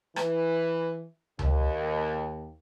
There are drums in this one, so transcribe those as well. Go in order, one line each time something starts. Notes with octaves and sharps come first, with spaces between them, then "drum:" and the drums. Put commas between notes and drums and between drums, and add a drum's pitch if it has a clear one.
E3, drum: rim click
D#2, drum: tom C#2